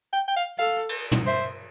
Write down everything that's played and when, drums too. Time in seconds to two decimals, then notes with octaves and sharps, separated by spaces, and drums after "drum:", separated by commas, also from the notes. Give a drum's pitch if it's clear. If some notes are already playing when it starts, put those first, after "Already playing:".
0.13 G5
0.28 G5
0.37 F5
0.59 A4 F5
0.89 drum: cymbal
1.12 drum: tom
1.26 C5 E5